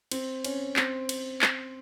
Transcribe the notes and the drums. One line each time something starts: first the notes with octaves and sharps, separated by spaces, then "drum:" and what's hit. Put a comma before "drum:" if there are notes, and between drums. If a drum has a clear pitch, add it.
C4, drum: cymbal
C#4, drum: cymbal
C4, drum: clap
drum: cymbal
drum: clap